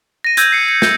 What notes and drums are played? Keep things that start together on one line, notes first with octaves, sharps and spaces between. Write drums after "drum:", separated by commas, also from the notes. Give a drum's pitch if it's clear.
A#6 D#7
E6 G6 G#6 A#6, drum: hi-hat
C7 C#7
C#7
G6, drum: snare